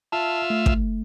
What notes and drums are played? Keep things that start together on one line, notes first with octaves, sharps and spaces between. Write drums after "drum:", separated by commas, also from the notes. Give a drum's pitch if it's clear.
F4 E5 A5
A3
drum: kick